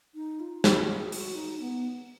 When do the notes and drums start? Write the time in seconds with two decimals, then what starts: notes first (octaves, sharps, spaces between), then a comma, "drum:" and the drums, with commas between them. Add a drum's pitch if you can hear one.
0.15 D#4
0.40 F4
0.64 F#4, drum: snare
0.88 G#4
1.12 F#4, drum: open hi-hat
1.35 D#4
1.60 B3